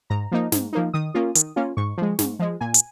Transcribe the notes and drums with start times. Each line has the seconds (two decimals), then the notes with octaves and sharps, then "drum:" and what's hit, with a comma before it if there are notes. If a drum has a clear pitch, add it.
0.10 G#2 A#5
0.32 F3 A#3 D#4
0.52 G#2, drum: snare
0.73 F3 A#3 D#4
0.94 D#3 D#6
1.14 A#3 C#4 F4
1.35 D#3, drum: hi-hat
1.56 A#3 C#4 F4
1.77 G#2 C#6
1.97 F3 G#3
2.19 G#2, drum: snare
2.39 F3 G#3
2.61 A#2 G#5
2.74 drum: hi-hat